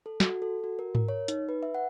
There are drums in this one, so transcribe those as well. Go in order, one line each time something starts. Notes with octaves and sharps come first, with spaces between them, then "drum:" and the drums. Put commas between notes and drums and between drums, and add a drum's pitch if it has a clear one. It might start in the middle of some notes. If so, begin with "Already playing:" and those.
A4
F#4, drum: snare
A4
F#4
A#4
A#4, drum: tom G#2
C#5
D#4, drum: hi-hat
B4
E5
F#5